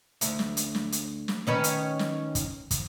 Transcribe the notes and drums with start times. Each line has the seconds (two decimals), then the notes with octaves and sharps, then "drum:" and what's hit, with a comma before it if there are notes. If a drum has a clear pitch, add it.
0.21 D2, drum: hi-hat
0.39 drum: snare
0.57 drum: hi-hat
0.75 drum: snare
0.92 drum: hi-hat
1.28 drum: snare
1.47 D#3 C#4 B4
1.64 drum: hi-hat
1.99 drum: snare
2.35 drum: kick, hi-hat
2.71 drum: kick, hi-hat